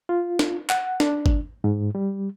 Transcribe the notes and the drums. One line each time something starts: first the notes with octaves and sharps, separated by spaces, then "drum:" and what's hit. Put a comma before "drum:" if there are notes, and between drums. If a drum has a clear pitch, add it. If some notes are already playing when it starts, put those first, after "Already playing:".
F4
drum: snare
F#5, drum: clap
D4, drum: snare
drum: kick
G#2
G3